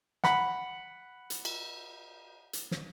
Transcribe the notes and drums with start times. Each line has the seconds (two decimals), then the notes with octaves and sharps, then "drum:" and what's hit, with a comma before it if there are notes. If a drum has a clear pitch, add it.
0.24 F#5 B5, drum: snare
1.30 drum: hi-hat
1.45 drum: cymbal
2.53 drum: hi-hat
2.71 drum: snare